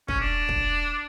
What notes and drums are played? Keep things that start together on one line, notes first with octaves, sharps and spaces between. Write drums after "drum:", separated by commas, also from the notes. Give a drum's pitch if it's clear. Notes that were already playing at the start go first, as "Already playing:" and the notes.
C#4, drum: kick
D4
drum: kick